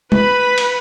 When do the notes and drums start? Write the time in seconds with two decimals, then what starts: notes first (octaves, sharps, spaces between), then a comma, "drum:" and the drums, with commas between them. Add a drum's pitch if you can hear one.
0.12 B4 B5, drum: tom
0.58 drum: cymbal